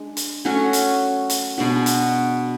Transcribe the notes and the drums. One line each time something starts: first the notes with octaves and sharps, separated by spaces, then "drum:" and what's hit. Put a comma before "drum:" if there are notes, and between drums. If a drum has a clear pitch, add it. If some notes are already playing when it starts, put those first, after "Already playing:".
Already playing: G#3 D4
drum: hi-hat
F#3 A3 C#4 F#4
drum: hi-hat
drum: hi-hat
B2 G#3 D4 F#4
drum: hi-hat